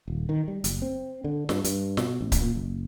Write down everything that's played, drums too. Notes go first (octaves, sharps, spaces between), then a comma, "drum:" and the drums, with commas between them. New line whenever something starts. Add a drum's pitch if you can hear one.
D#1
D#3
G3
F#1, drum: hi-hat
C4
D3
G2, drum: snare
G2, drum: hi-hat
B2, drum: snare
A1
drum: kick C#1, hi-hat
A#2
F#1